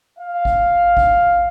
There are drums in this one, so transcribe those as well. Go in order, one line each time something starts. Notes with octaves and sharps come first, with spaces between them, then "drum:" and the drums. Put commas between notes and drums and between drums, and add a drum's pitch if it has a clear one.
F5
drum: kick G#1
drum: kick G#1